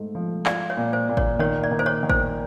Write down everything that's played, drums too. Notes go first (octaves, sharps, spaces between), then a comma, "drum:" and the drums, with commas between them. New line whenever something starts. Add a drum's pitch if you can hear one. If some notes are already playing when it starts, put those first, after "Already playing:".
Already playing: G#2 A3
F3
F4 D5, drum: clap
C#5
A#2
C5
A#2
C#5, drum: kick G#1
D#3 C#5
D5
D#3
C5
C#5
D#3
C5, drum: kick G#1